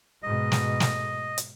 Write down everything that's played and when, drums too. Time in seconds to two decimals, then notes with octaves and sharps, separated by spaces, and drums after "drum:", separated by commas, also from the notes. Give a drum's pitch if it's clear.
0.23 G#2 B2 D#5
0.52 drum: snare
0.80 drum: snare
1.38 drum: hi-hat